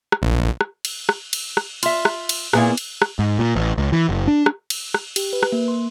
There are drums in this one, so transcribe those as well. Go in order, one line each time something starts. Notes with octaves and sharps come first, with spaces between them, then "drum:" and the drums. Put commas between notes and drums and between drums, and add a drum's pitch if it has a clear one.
drum: rim click
A#1
drum: rim click
drum: cymbal
drum: rim click
drum: cymbal
drum: rim click
F4 E5, drum: cymbal
drum: rim click
drum: cymbal
A#2 C#3 A#3 B3 E4 G#4, drum: rim click
drum: cymbal
drum: rim click
G#2
A#2
A1
C#2
E3
F#1
D4
drum: rim click
drum: cymbal
drum: rim click
G4, drum: cymbal
B4
drum: rim click
A#3
C6